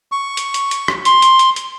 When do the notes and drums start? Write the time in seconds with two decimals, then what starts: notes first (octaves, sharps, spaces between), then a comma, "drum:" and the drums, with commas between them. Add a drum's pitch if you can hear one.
0.12 C#6
0.37 drum: hi-hat
0.54 drum: hi-hat
0.71 drum: hi-hat
0.88 drum: rim click
1.05 C6, drum: hi-hat
1.22 drum: hi-hat
1.39 drum: hi-hat
1.56 drum: hi-hat